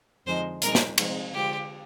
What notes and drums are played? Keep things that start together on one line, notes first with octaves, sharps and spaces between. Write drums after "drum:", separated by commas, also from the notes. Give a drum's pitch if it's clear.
F2 D3 F3 G#3 D#4 C5
A#2 G3 C4 D#4 G#4 A#4, drum: hi-hat
drum: snare
C3 F3 G#3 C4 D#4, drum: cymbal
D3 G#3 C4 F4 G4